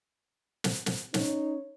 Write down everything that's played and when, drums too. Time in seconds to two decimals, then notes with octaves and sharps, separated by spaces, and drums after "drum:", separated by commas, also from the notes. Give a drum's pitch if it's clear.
0.64 drum: snare
0.86 drum: snare
1.14 C#4 D#4 C#5, drum: snare